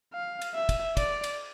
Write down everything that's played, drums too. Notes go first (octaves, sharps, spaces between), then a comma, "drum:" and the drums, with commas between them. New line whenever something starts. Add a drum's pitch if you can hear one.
F5
drum: cymbal
E5
drum: kick, cymbal
D5, drum: kick, cymbal
drum: cymbal